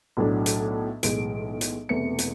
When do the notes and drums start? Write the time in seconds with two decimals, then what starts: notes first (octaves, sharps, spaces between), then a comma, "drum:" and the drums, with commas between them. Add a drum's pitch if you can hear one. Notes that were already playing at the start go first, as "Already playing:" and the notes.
0.17 B1 A2 F#3 A3 D4
0.46 drum: hi-hat
1.03 B1 A2 E3 G#3 D7, drum: hi-hat
1.61 drum: hi-hat
1.89 E1 E2 C3 E3 A3 C#7
2.19 drum: hi-hat